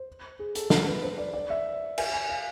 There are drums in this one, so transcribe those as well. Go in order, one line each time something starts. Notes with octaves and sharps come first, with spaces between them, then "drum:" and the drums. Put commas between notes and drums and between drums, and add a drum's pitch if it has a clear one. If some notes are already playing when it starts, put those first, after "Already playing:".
Already playing: C5
G#4
A4, drum: hi-hat
A4, drum: snare
B4
C5
D5
D5
E5
G#5, drum: cymbal
G#5
F5